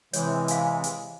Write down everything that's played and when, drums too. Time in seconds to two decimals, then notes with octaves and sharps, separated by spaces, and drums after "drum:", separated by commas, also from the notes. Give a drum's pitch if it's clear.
0.13 C3 E3 G#3 C#5, drum: hi-hat
0.48 F5 G#5, drum: hi-hat
0.84 drum: hi-hat